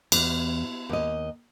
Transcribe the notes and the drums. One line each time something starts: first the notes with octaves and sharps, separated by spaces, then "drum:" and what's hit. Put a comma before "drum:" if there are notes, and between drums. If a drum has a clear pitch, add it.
E2, drum: cymbal
D#2 D#5